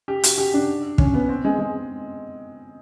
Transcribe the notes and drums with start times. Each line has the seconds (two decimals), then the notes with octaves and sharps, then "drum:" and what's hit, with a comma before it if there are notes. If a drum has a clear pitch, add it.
0.08 G4
0.24 F#4, drum: hi-hat
0.38 G4
0.54 D4
0.98 C#4, drum: kick
1.14 B3
1.29 C4
1.45 G#3
1.59 G#3